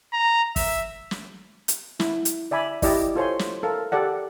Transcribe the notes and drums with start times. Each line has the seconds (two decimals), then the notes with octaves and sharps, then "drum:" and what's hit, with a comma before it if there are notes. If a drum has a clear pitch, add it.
0.13 A#5
0.56 E5, drum: kick, open hi-hat
1.11 drum: snare
1.68 drum: hi-hat
2.00 E4, drum: snare
2.25 drum: hi-hat
2.51 D5 E5 G#5 B5 D6
2.82 E4 G4 D5 D#5, drum: kick, open hi-hat
3.16 F4 A4 C5 C#5 G#5 C6
3.39 drum: snare
3.63 A4 A#4 F5
3.92 G4 A4 D5 F#5